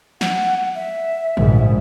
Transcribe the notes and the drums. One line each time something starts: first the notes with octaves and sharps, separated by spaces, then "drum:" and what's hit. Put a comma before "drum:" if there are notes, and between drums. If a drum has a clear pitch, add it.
F#5, drum: snare
E5
A#1 G#2, drum: tom C3